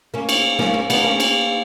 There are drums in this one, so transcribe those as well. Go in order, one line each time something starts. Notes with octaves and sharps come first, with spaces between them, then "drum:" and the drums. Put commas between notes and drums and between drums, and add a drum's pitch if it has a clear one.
A#3 C#4
drum: cymbal
A#3 C#4, drum: snare
A#3 C#4
B3 D4, drum: cymbal
A#3 C#4
drum: cymbal